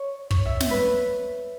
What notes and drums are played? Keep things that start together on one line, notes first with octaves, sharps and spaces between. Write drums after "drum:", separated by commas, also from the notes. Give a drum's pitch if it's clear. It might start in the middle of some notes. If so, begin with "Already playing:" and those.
Already playing: C#5
C#5, drum: kick
E5
E5, drum: snare
B4